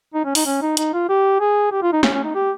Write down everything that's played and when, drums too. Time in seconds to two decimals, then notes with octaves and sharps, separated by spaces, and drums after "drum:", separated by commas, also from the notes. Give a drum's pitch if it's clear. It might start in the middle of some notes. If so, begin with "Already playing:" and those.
0.14 D#4
0.25 C#4
0.35 D#4, drum: open hi-hat
0.46 C#4
0.62 D#4
0.77 D#4, drum: hi-hat
0.94 F4
1.09 G4
1.40 G#4
1.72 G4
1.82 F4
1.93 D#4
2.03 C#4, drum: snare
2.14 C#4
2.24 D#4
2.35 G4